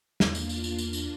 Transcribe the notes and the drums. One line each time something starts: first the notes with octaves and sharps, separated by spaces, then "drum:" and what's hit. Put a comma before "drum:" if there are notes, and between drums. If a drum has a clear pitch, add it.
E2 A#3 D4 F4, drum: snare
drum: tambourine
drum: tambourine
drum: tambourine
drum: tambourine
drum: tambourine